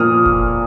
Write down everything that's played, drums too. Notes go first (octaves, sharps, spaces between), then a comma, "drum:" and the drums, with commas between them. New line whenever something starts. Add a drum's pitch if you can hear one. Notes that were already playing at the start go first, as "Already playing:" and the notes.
Already playing: A#2 F3 A#3 D#6 F6
drum: kick F1